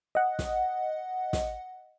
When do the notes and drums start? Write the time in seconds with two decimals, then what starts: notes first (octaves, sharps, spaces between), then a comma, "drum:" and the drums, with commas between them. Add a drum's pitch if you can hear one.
0.15 D#5 F#5
0.39 drum: snare
1.33 drum: snare